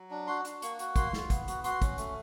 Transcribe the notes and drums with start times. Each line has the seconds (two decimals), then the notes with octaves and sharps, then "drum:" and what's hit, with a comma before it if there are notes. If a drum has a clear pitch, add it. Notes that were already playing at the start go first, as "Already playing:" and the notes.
Already playing: F#3
0.11 D4
0.27 F#4 C6
0.45 D4, drum: hi-hat
0.62 A#3 C#6, drum: hi-hat
0.79 F#4, drum: hi-hat
0.96 A#3 C6, drum: kick, hi-hat
1.13 F4, drum: snare
1.30 B3, drum: kick, hi-hat
1.48 F#4, drum: hi-hat
1.64 F#4 C6, drum: hi-hat
1.82 C#4, drum: kick, hi-hat
1.98 A3, drum: hi-hat